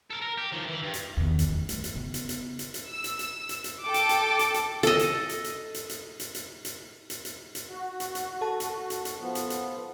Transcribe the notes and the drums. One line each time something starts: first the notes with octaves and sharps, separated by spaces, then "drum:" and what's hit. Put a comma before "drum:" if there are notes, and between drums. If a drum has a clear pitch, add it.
A4 A#4
A#4
G4
D#3 F3
E3
G2
drum: hi-hat
E2 D#3
drum: hi-hat
G2 A3
drum: hi-hat
drum: hi-hat
C#3 B3
drum: hi-hat
drum: hi-hat
drum: hi-hat
drum: hi-hat
E6
drum: hi-hat
drum: hi-hat
drum: hi-hat
drum: hi-hat
A4 G5 D6
drum: hi-hat
drum: hi-hat
drum: hi-hat
drum: hi-hat
A4 D#5, drum: hi-hat
drum: hi-hat
drum: hi-hat
drum: hi-hat
drum: hi-hat
drum: hi-hat
drum: hi-hat
drum: hi-hat
drum: hi-hat
drum: hi-hat
drum: hi-hat
drum: hi-hat
F#4
drum: hi-hat
drum: hi-hat
A4 A5
drum: hi-hat
drum: hi-hat
drum: hi-hat
F3 B3
drum: hi-hat
drum: hi-hat